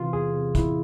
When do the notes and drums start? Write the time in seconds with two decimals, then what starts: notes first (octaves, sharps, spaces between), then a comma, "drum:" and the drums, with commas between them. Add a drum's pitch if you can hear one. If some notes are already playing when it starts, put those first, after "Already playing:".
Already playing: C3 E3 F4
0.13 E2 G#4
0.34 C3
0.55 E2 E4, drum: kick, hi-hat